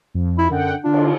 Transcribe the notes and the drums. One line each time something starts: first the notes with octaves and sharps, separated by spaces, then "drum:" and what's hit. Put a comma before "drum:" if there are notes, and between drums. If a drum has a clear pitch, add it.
F2
E4
F#2 D3 F#5 G5
D3 D4 F4
drum: cymbal